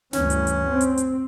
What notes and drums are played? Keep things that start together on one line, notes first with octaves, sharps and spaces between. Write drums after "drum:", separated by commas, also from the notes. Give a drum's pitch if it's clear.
D2 G2 E3 C#4, drum: snare
drum: hi-hat
drum: hi-hat
C4
drum: hi-hat
drum: hi-hat